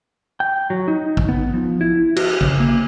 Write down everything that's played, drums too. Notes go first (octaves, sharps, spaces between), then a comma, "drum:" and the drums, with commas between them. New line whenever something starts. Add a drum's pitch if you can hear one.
G5
F#3
D#4
drum: kick
B3
F3
E4
F#4, drum: cymbal
C#3, drum: kick
A#3